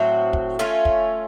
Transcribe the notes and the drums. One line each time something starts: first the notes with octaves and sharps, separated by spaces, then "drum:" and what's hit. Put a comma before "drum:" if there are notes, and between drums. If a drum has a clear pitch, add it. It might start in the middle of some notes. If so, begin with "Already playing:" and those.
Already playing: A2 F#3 C4 F#4
drum: kick
A3 C#4 F4
drum: kick